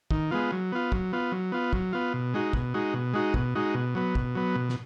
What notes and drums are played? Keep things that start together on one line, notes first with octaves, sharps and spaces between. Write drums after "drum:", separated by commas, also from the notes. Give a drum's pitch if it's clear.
D#3, drum: kick
G#3 B3 F4
F#3
B3 F4
F#3, drum: kick
B3 F4
F#3
B3 F4
F#3, drum: kick
B3 F4
B2
G#3 D#4 F#4
B2, drum: kick
G#3 D#4 F#4
B2
G#3 D#4 F#4
B2, drum: kick
G#3 D#4 F#4
B2
F#3 B3
B2, drum: kick
F#3 B3
B2
drum: snare